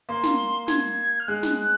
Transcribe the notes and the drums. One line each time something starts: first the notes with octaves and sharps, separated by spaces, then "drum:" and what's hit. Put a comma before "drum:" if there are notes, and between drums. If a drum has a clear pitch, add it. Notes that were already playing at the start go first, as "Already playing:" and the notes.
A#3 C6
drum: snare
G#6, drum: snare
F6
G#3 F#6
drum: snare